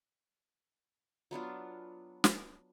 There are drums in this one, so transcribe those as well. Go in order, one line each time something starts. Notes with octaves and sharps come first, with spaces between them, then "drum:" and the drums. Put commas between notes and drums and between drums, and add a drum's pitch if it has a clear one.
F#3 B3 D4 F4
drum: snare